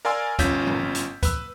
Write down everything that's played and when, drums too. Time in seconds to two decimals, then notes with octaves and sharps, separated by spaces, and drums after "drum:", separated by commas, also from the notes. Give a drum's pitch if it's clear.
0.05 A#4 D5 F5 G#5 C6 E6
0.39 G1 C#4 F4 G6 B6, drum: kick C#2, hi-hat
0.67 drum: tom G#2
0.95 drum: hi-hat
1.23 B4 E6, drum: kick C#2, hi-hat